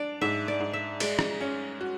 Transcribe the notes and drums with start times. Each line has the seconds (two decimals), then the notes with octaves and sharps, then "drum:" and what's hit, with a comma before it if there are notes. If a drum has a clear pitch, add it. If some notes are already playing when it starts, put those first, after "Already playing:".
Already playing: D4 D5
0.21 G#2 E5
0.48 D5
0.60 G#2
0.73 E5
1.00 G#3 D5, drum: cymbal
1.19 drum: rim click
1.41 C#4
1.81 F#4